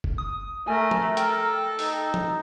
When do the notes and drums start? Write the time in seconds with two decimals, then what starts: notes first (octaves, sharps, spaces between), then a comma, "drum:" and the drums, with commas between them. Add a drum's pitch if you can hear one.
0.04 drum: kick
0.18 D#6
0.68 A3 A#4 G#5
0.91 drum: tom F3
1.17 A4 G5, drum: hi-hat
1.79 D#4, drum: open hi-hat
2.14 drum: tom F3